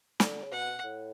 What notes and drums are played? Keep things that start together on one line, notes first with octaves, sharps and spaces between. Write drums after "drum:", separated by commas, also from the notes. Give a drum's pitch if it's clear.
D3, drum: snare
C#3
B2 F#5
A2